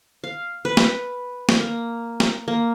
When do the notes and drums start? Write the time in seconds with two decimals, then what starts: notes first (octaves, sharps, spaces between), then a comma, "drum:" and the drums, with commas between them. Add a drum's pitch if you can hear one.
0.24 F5
0.65 B4
0.77 drum: snare
1.49 drum: snare
1.60 A#3
2.20 drum: snare
2.48 A#3